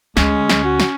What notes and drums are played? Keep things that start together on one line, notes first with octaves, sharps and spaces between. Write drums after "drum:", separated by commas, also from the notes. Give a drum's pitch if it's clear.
D2 G#3 C#4, drum: snare
drum: snare
F#4
drum: snare